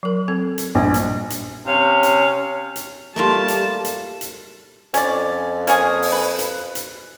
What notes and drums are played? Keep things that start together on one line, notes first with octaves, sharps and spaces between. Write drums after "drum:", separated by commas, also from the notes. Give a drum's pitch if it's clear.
F#3 A#4
C4 A4
drum: hi-hat
A#1 G3 D4 D#5
drum: hi-hat
drum: hi-hat
C3 C#4 F5
drum: hi-hat
drum: hi-hat
G3 A3 A#3 F4 A5
drum: hi-hat
drum: hi-hat
drum: hi-hat
F2 C#4 D5, drum: hi-hat
A#3 C#4 G#4, drum: hi-hat
drum: open hi-hat
B4
drum: hi-hat
drum: hi-hat